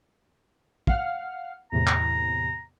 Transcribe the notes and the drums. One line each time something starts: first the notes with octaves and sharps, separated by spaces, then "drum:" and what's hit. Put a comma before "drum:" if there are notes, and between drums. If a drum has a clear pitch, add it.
F5 F#5 F6, drum: kick
E2 A2 C3 A#5
drum: clap